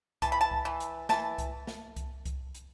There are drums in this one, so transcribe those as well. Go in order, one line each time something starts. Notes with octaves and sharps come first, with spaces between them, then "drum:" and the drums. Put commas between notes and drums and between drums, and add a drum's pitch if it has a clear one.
E3 A5, drum: kick C2, hi-hat
B5
A5
drum: kick C2
E3
drum: hi-hat
E3 A5, drum: snare
drum: kick C2, hi-hat
drum: snare
drum: kick C2, hi-hat
drum: kick C2, hi-hat
drum: hi-hat